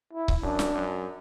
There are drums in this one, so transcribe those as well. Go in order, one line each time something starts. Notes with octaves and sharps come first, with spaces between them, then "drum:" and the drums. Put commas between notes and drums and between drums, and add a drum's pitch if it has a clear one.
E4
drum: kick C#1
F#2 D4
drum: snare
F#2